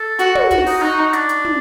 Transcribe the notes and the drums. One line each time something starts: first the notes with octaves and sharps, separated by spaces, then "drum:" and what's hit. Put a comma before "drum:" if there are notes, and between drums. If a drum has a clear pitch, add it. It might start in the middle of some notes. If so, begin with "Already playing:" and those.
Already playing: A4
F#4, drum: hi-hat
drum: tom
F#4, drum: kick, hi-hat
D#4, drum: open hi-hat
D#4 F#4
D4, drum: hi-hat
drum: hi-hat
drum: tom